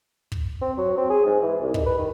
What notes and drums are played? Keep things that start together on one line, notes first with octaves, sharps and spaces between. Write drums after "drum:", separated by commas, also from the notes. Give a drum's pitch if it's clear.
drum: kick
C4
F#3
C4
G#4
G#2
E3
C2
D#4, drum: kick
B4
D#3